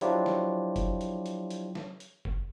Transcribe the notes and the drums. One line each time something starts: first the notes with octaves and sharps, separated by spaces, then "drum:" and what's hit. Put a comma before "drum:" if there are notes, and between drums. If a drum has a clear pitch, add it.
F3 F#3 D4 E4 F4 G4, drum: hi-hat
drum: snare
drum: kick F#1, hi-hat
drum: hi-hat
drum: hi-hat
drum: hi-hat
drum: snare
drum: hi-hat
drum: kick F#1